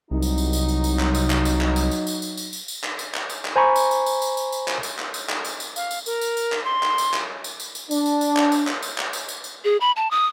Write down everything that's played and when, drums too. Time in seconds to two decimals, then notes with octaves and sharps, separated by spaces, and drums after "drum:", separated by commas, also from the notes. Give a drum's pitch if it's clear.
0.11 C2 F#3 D#4
0.22 drum: tambourine
0.38 drum: tambourine
0.53 drum: tambourine
0.69 drum: tambourine
0.84 drum: tambourine
0.99 drum: clap
1.15 drum: tambourine
1.30 drum: clap
1.45 drum: tambourine
1.61 drum: clap
1.76 drum: tambourine
1.91 drum: tambourine
2.07 drum: tambourine
2.22 drum: tambourine
2.37 drum: tambourine
2.53 drum: tambourine
2.68 drum: tambourine
2.84 drum: clap
2.99 drum: tambourine
3.14 drum: clap
3.30 drum: tambourine
3.45 drum: clap
3.56 C5 G#5 A#5 B5 C#6
3.76 drum: tambourine
3.91 drum: tambourine
4.06 drum: tambourine
4.22 drum: tambourine
4.37 drum: tambourine
4.52 drum: tambourine
4.68 drum: clap
4.83 drum: tambourine
4.99 drum: clap
5.14 drum: tambourine
5.29 drum: clap
5.45 drum: tambourine
5.60 drum: tambourine
5.76 F5, drum: tambourine
5.91 drum: tambourine
6.06 A#4, drum: tambourine
6.21 drum: tambourine
6.37 drum: tambourine
6.52 drum: clap
6.64 C6
6.83 drum: clap
6.98 drum: tambourine
7.14 drum: clap
7.44 drum: tambourine
7.60 drum: tambourine
7.75 drum: tambourine
7.91 D4, drum: tambourine
8.06 drum: tambourine
8.21 drum: tambourine
8.36 drum: clap
8.52 drum: tambourine
8.67 drum: clap
8.83 drum: tambourine
8.98 drum: clap
9.13 drum: tambourine
9.29 drum: tambourine
9.44 drum: tambourine
9.65 G#4
9.81 B5
9.96 A5
10.11 D#6